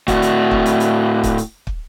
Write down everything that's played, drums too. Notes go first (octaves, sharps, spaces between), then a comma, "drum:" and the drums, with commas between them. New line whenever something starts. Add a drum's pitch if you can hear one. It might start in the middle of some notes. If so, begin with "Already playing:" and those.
A2 F#4, drum: kick, hi-hat
drum: hi-hat
drum: kick
drum: hi-hat
drum: hi-hat
drum: kick, hi-hat
drum: hi-hat
drum: kick